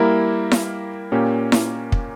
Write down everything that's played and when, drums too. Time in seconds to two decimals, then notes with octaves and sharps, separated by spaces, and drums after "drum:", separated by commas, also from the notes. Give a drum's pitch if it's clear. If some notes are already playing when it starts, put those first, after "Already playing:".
Already playing: G3 A#3 E4 A#4
0.52 drum: snare E4
1.12 A#2 A#3 C#4 G4
1.52 drum: snare E4
1.92 drum: kick